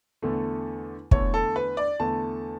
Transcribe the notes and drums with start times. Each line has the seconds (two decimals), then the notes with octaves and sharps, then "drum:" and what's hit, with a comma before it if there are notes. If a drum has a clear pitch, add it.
0.22 E2 D3 A3
1.11 E2 D3 A3 C#5, drum: kick
1.34 A4
1.56 B4
1.77 D5
2.00 E2 D3 A3 A5